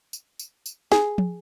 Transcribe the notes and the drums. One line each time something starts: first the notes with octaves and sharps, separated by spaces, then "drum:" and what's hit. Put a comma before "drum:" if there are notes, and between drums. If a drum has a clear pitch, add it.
drum: tambourine
drum: tambourine
drum: tambourine
G#4, drum: snare
drum: tom